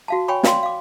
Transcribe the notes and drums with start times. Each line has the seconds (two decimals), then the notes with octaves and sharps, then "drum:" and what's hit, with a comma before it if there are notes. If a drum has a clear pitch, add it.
0.08 F#4 F5 A5
0.28 C#5 G5 G#5 B5 C#6
0.43 D5 F5 G5 C6, drum: snare
0.63 F5 D6